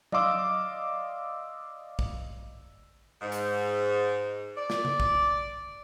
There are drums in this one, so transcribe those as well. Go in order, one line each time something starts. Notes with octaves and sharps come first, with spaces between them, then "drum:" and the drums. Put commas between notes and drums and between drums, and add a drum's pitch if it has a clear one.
D5 D#5 F5 C6 D6 E6, drum: tom F#3
drum: kick
G#2
drum: hi-hat
D5
drum: snare
drum: tom C#3
drum: kick